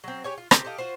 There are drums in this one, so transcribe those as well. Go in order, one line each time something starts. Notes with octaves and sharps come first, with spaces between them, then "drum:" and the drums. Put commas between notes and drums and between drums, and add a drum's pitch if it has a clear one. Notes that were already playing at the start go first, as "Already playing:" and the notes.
F#3 C4
G4 C#5 G#5
F4
C4 G4 A#5, drum: rim click
G4 A4 D#5 F5
F4 F#4 C5